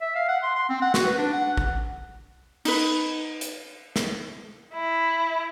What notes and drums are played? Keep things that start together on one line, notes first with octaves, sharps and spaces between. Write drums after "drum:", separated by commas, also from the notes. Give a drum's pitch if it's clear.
E5
F5
F#5
C6
C6
C4
F#5
F#4, drum: snare
B4
D4
F#5
drum: kick A#1
D#4 B4, drum: cymbal
drum: hi-hat
drum: snare
E4